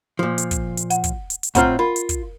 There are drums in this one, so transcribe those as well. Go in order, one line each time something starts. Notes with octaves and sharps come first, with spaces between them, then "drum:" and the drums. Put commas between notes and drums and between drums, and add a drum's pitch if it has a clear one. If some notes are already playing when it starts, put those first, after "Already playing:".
A#2 F3
drum: hi-hat
drum: kick, hi-hat
drum: hi-hat
F#5, drum: hi-hat
drum: kick, hi-hat
drum: hi-hat
drum: hi-hat
A2 C4 F4 F#5 A#5 F6, drum: kick, hi-hat
F4 A#4 B5
drum: hi-hat
drum: kick, hi-hat